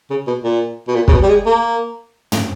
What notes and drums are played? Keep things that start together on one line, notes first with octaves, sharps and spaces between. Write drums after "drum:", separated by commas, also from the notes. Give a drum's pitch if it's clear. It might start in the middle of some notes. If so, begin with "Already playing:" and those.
C#3
B2
A#2
B2
A#2
C#3, drum: kick
B2
G3
G#3
A#3
drum: tom